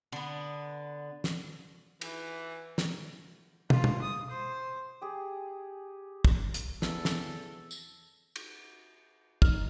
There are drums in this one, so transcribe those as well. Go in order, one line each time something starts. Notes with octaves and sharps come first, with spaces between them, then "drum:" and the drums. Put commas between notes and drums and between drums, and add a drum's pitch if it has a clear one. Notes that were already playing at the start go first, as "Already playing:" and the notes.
D3 B3
drum: snare
E3, drum: cymbal
drum: snare
F4, drum: tom
drum: tom
D#6
C5
G4 G#4
drum: kick
drum: hi-hat
E2 A4, drum: snare
drum: snare
drum: tambourine
drum: cymbal
D#4 F6, drum: kick